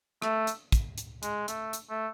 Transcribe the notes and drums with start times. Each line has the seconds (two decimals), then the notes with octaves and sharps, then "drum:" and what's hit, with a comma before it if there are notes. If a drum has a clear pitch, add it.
0.22 A3, drum: rim click
0.47 drum: hi-hat
0.72 drum: kick, hi-hat
0.98 drum: hi-hat
1.23 G#3, drum: hi-hat
1.48 A3, drum: hi-hat
1.73 drum: hi-hat
1.90 A3